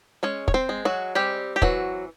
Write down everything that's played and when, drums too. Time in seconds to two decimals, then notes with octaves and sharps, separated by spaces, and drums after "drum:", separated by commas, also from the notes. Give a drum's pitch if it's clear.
0.23 G#3 C#4 C#5
0.48 C#5, drum: kick
0.54 C4 C5
0.69 G#3
0.85 F#3 F#4
1.15 G3 C4 G4
1.56 G4
1.62 E3 F#3 F#4, drum: kick